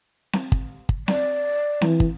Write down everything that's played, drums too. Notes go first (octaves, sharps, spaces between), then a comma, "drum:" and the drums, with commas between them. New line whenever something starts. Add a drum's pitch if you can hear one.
drum: snare C4
drum: kick
drum: kick
D5, drum: snare C4
E3, drum: snare C4
drum: kick